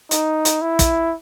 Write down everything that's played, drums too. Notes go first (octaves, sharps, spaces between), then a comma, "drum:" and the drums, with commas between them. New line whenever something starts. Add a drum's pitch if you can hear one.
D#4, drum: hi-hat
drum: hi-hat
E4
drum: kick, hi-hat